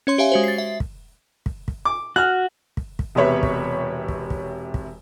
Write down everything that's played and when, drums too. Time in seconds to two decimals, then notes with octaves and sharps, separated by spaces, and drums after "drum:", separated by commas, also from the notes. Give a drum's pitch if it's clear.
0.07 C#4 C#5 C6
0.18 G4 C#5 E5 F5 G#5
0.32 G#3 F#4 C5
0.44 A6 C7
0.58 E5
0.80 drum: kick
1.46 drum: kick
1.68 drum: kick
1.85 D6
2.16 F#4 F6 F#6
2.77 drum: kick
2.99 drum: kick
3.15 E1 C3 B4 C#5 E5
3.43 drum: kick
4.08 drum: kick
4.30 drum: kick
4.74 drum: kick